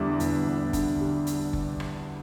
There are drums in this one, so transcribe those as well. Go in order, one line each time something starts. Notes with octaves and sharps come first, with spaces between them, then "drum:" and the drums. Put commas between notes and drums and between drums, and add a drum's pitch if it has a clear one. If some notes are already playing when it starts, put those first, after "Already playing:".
Already playing: E2 D3 G3 D4 E4
E2, drum: hi-hat
E2
D3, drum: kick, hi-hat
G3
drum: hi-hat
drum: kick
drum: rim click